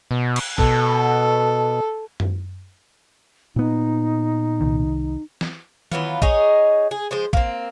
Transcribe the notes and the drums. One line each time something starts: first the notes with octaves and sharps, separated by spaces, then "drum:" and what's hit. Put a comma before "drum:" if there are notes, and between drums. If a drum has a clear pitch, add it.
B2
drum: cymbal
B2 A4, drum: kick
drum: tom F#2
A#2 B3 D#4
C2 D#3
drum: snare
E3 F#3 B3 F4, drum: tom D#3
D#4 G#4 C#5 D#5, drum: kick
G#4
F3 G#3 C5
A#3 C4, drum: kick